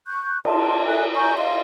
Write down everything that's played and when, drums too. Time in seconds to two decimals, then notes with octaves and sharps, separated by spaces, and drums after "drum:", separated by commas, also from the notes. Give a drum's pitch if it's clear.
0.07 C#6 F#6 G6
0.45 A5 C6, drum: cymbal
0.86 A4 E5 G#5 F#6
1.14 G#5 A#5 C#6 G6
1.37 D#5 F5 C6